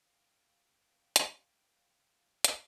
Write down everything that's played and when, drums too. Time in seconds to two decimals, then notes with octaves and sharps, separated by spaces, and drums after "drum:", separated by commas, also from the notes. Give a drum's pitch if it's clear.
0.05 F5 G5
1.16 drum: hi-hat
2.44 drum: hi-hat